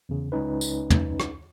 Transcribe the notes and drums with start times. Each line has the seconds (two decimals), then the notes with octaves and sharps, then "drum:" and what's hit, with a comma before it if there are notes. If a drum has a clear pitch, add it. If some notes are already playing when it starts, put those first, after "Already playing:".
0.09 E2 C#3
0.32 C#2 C#4 D#4 B4
0.61 drum: tambourine
0.90 drum: tom
1.20 drum: rim click